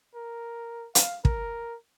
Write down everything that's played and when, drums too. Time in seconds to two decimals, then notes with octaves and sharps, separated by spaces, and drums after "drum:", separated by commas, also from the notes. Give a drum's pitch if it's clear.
0.15 A#4
0.95 F5, drum: hi-hat
1.25 A#4, drum: kick